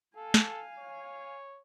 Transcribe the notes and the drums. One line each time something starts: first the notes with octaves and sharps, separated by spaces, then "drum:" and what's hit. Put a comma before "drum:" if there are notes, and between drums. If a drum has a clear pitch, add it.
A4 F5 G#5
drum: snare
C#5